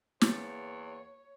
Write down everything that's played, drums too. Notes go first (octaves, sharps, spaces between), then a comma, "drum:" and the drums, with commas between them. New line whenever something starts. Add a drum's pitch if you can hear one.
E2 A#3 C#5 A6, drum: snare